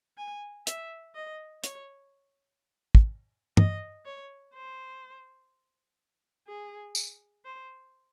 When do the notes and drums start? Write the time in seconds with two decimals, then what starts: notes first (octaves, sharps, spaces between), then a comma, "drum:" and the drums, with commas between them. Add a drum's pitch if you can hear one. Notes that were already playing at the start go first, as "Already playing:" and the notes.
0.18 G#5
0.67 E5, drum: hi-hat
1.15 D#5
1.64 C#5, drum: hi-hat
2.95 drum: kick
3.57 D#5, drum: tom G2
4.05 C#5
4.55 C5
6.48 G#4
6.95 drum: tambourine
7.45 C5